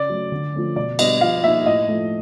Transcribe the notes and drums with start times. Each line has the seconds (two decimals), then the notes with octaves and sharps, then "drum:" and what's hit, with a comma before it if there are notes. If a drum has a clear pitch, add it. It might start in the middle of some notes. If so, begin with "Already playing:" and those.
Already playing: C#3 D5
0.09 F#3 A3
0.32 D3
0.54 F3 A3 C#4
0.76 B2 D5
0.99 G3 B3 D4 D#5, drum: cymbal
1.21 F3 F5
1.43 A#3 D#4 E5
1.65 A2 D#5
1.88 F3 A3